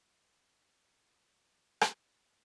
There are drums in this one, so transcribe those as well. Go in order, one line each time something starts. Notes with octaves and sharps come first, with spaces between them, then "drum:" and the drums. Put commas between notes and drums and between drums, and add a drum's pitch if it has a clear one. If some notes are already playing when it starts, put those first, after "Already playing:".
Already playing: A4
A4
drum: rim click